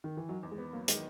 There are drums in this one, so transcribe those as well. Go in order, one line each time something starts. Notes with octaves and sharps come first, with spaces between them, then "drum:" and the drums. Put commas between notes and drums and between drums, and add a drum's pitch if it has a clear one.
D#3
E3
D#3 F#3
E2
G#3
B3
F#3 A#3
D#3 G#3, drum: hi-hat